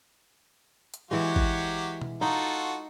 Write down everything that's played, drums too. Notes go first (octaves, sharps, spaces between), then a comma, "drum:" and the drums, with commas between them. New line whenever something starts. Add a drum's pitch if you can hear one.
drum: hi-hat
E3 F#3 G#3 F#4 G4
drum: kick G#1
drum: tom B2
D#4 F4 F#4 A4